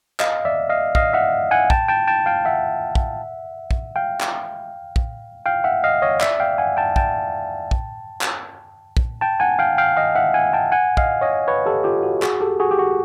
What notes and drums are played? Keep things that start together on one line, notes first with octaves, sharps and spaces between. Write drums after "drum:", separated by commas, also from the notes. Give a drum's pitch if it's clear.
D#5 F5, drum: clap
D5 E5
D#5 F5
D#5 F5, drum: kick
E5 F#5
F#5 G#5
G5 A5, drum: kick
G5 A5
G5 A5
F5 G5
E5 F#5
drum: kick
drum: kick
F5 G5
drum: clap
drum: kick
F5 G5
E5 F#5
D#5 F5
C#5 D#5
D5 E5, drum: clap
F5 G5
F#5 G#5
G5 A5
G5 A5, drum: kick
drum: kick
drum: clap
drum: kick
G5 A5
F#5 G#5
F5 G5
F5 G5
D#5 F5
E5 F#5
F#5 G#5
G5 A5
F#5 G#5
D#5 F5, drum: kick
C#5 D#5
B4 C#5
G4 A4
F4 G4
F#4
F#4 G#4, drum: clap
G4 A4
F#4 G#4
G4
F#4